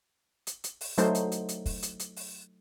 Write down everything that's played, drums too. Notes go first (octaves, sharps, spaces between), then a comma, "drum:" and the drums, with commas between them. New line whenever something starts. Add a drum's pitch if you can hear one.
drum: hi-hat
drum: hi-hat
drum: open hi-hat
F#3 A3 D#4 C5, drum: hi-hat
drum: hi-hat
drum: hi-hat
drum: hi-hat
drum: kick, open hi-hat
drum: hi-hat
drum: hi-hat
drum: open hi-hat